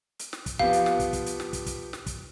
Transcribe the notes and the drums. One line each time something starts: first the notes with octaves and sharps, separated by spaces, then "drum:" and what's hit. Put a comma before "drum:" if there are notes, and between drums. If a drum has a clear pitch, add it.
drum: hi-hat
drum: snare
drum: kick, hi-hat
F3 B3 G4 F5, drum: kick
drum: hi-hat
drum: snare
drum: kick, hi-hat
drum: kick, hi-hat
drum: hi-hat
drum: snare
drum: kick, hi-hat
drum: kick, hi-hat
drum: snare
drum: kick, hi-hat